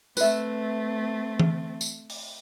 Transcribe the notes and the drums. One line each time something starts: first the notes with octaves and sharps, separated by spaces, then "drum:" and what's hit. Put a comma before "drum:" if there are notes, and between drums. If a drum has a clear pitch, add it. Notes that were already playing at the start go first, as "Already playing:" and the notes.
A3 C4 B4 E5, drum: tambourine
drum: tom E3
drum: tambourine
drum: open hi-hat